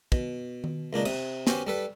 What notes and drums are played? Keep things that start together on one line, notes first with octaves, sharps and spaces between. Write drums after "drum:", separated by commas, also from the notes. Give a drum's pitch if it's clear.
B2, drum: kick
drum: tom D#3
C#2 A#2 D4 D#4
C3 D#6, drum: cymbal
B3 C#4 F#4 G4 C5, drum: snare
G3 A4 B4